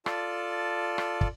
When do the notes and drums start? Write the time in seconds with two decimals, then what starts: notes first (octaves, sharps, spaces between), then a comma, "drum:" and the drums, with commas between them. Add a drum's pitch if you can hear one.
0.06 F4 A4 D5 A5, drum: rim click
0.98 drum: rim click
1.21 drum: kick